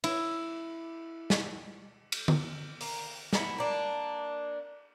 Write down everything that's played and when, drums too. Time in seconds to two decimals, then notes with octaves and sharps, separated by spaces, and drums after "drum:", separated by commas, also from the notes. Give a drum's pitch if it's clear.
0.04 E4, drum: cymbal
1.30 drum: snare
2.12 drum: cymbal
2.28 drum: tom D3
2.81 A#3, drum: open hi-hat
3.33 B3 D#4 E4, drum: snare
3.58 A#3 D4